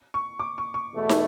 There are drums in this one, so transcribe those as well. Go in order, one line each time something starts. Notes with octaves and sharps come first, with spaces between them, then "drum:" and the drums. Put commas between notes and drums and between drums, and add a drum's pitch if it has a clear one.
C#6
D6
C#6
C#6
E2 B2 A3 E4
drum: snare